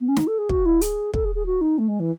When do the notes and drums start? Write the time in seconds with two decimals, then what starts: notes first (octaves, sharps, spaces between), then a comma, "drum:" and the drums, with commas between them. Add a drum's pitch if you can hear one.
0.01 B3
0.08 C#4
0.16 D#4, drum: snare
0.27 A4
0.38 G#4
0.49 F#4, drum: kick
0.65 E4
0.81 G#4, drum: hi-hat
1.14 A4, drum: kick
1.25 G#4
1.35 G#4
1.46 F#4
1.61 D#4
1.78 A3
1.88 G#3
2.00 E3